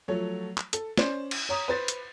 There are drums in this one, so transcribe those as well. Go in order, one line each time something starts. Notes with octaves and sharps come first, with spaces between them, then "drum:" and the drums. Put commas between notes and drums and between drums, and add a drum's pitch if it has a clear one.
F3 F#3 A3 C#5
drum: clap
A4, drum: hi-hat
C#4 C5 D5, drum: snare
drum: cymbal
C#5 A#5 D#6
B4 C5 A6
drum: hi-hat